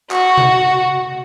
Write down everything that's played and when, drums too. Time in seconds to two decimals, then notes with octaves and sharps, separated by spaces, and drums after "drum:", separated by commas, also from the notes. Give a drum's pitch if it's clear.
0.11 F#4, drum: clap
0.38 drum: tom B2